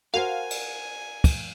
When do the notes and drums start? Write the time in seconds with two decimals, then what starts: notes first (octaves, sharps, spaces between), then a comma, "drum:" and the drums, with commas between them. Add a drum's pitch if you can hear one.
0.14 F#4 A#4 C5 F5 G#5
0.50 drum: cymbal
1.24 drum: kick, cymbal